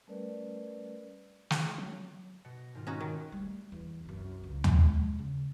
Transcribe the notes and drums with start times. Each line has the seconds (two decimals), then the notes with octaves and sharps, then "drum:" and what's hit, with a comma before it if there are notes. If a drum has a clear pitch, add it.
0.08 G3 A3 C#4 A#4 B4 D5
1.50 drum: snare
1.78 F#3
2.45 B2 A#6 C#7
2.75 G#2 D#3 F4
2.87 C#4 D#4 F#4
3.00 G1 D#3
3.32 G3 A3
3.72 E2
4.05 C2 F#2
4.43 C#2
4.64 drum: tom
4.81 G#3
5.19 C#3